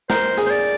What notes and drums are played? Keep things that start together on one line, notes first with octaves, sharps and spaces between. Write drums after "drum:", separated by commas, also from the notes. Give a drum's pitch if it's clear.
A#4 C5, drum: snare
G#4, drum: hi-hat
C5
D5